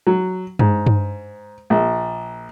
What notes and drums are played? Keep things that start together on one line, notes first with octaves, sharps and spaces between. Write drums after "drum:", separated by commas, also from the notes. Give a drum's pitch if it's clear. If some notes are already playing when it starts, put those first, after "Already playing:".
F#3
G#2, drum: tom G2
drum: tom G2
A#1